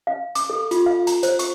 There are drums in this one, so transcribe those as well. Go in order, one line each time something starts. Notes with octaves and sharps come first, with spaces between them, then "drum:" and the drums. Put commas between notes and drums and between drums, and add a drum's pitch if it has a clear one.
F5
D6, drum: hi-hat
A4
F4, drum: hi-hat
F5
A#5, drum: hi-hat
C5, drum: hi-hat
C#6, drum: hi-hat